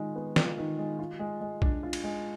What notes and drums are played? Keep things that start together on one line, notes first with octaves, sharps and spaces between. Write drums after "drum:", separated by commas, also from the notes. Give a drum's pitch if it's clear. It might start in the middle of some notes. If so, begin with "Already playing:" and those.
Already playing: D#3 G#3 F4
B3
F4, drum: snare
D#3
G#3
F4
G#3
G#3
D4, drum: kick B1
F4
drum: cymbal
G#3